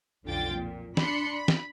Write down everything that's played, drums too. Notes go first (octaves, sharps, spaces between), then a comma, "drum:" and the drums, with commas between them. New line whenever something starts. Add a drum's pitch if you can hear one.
B1 F2 D3 F4 G5 A6
A#2
D4 B5 C6 C#7, drum: snare
B5
drum: snare